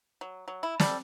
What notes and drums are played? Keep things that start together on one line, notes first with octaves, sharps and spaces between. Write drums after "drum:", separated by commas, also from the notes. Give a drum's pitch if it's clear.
F#3
F#3
E4
G3 A4 D5, drum: snare